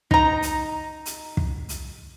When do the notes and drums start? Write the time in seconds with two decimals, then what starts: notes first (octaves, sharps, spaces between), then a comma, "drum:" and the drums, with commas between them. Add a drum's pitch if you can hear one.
0.11 D#4 A#5, drum: kick
0.42 drum: hi-hat
1.06 drum: hi-hat
1.37 drum: kick
1.69 drum: hi-hat